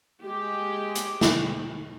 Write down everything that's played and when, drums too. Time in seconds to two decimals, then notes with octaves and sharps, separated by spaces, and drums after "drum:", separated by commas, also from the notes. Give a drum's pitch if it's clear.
0.23 G#3 G4
0.95 drum: hi-hat
1.21 drum: snare